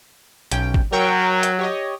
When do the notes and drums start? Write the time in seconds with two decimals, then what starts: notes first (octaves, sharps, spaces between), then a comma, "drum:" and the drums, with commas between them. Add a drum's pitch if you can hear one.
0.52 B1 C#4 G5, drum: hi-hat
0.74 drum: kick G#1
0.92 F#3 A#4 G5 C#6
1.43 drum: hi-hat
1.59 G4 C#5 D#5